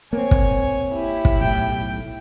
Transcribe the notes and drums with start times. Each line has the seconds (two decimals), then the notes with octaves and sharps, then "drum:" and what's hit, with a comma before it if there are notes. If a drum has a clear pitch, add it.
0.13 A#3 C4 C#5 G#5
0.31 drum: kick
0.94 E4 G4
1.25 drum: kick
1.41 B1 A2 G5